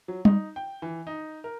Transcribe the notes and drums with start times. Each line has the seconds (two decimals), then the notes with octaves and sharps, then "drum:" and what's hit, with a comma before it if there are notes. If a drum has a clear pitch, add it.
0.08 F#3
0.25 D#4, drum: tom G3
0.56 G5
0.82 E3
1.07 D#4
1.44 A#4